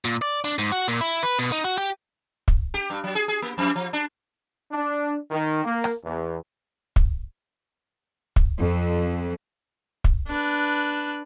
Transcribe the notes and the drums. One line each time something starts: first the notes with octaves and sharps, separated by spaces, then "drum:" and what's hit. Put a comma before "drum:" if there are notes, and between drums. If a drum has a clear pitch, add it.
A#2
D5
D4
G#2
F#4
A#2
E4
B4
B2
D#4
F#4
G4
drum: kick
G4
G2
F#3
G#4
G#4
A#3
F2
F3
D4
D4
D#3
A#3
drum: rim click
E2
drum: kick
drum: kick
F2
drum: kick
D4 B4